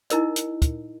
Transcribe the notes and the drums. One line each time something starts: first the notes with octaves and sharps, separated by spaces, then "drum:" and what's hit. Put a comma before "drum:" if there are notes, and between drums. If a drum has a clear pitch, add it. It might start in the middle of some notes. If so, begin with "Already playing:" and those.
D#4 E4 A#4 D#5, drum: hi-hat
drum: hi-hat
drum: kick, hi-hat